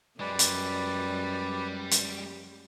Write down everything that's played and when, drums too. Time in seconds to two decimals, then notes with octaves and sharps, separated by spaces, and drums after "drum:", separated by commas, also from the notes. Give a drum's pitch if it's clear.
0.20 F#2 G3 G#3 B4 D5
0.39 drum: hi-hat
1.91 drum: hi-hat